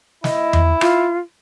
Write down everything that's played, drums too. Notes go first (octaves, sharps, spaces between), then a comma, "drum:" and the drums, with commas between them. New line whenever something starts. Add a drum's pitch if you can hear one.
E4 D#5, drum: snare
drum: tom E2
F4, drum: rim click